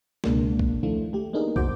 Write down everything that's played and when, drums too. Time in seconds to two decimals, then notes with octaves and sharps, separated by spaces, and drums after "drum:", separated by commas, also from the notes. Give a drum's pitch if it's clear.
0.24 C#2 B2 G#3 A#3 D4, drum: snare
0.59 drum: kick
0.83 D#3 F3 A3 D4 E4 F4
1.13 A3 G4
1.33 A#3 B3 D4 D#4 G#4 A#4
1.56 C2 F2 F#4 C5 D6 G6, drum: kick